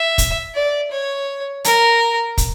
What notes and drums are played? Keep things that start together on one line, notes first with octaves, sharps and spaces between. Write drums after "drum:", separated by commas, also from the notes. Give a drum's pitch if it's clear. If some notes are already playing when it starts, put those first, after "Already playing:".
Already playing: E5
drum: kick, hi-hat
D5
C#5
A#4, drum: hi-hat
drum: kick, hi-hat